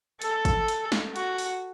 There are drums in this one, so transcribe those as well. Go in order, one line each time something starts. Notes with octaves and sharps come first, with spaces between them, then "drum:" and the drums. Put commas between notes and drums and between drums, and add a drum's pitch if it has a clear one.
A4, drum: hi-hat
drum: kick, hi-hat
drum: hi-hat
drum: snare
F#4, drum: hi-hat
drum: open hi-hat